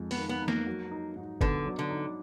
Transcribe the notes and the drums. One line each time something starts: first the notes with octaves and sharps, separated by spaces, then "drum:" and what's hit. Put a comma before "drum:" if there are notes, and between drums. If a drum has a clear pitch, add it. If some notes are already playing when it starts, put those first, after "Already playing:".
Already playing: F2 G#3 D#4
B3, drum: open hi-hat
D#3
B3
D#4
A#3, drum: snare
F#3
D#4
G#2
D3 B3, drum: kick
F#3
D3
D#4